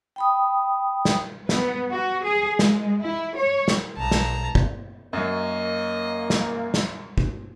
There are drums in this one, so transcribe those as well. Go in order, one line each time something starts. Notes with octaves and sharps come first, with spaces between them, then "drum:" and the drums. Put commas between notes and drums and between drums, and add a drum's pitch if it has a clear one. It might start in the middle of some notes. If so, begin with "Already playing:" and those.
G5 B5 D#6
drum: snare
B3, drum: snare
F#4
G#4
G#3, drum: snare
E4
C#5
drum: snare
B1 A5 A#5
drum: snare
drum: kick G1
F#2 F#3 A#3 D#5
drum: snare
drum: snare
drum: kick G1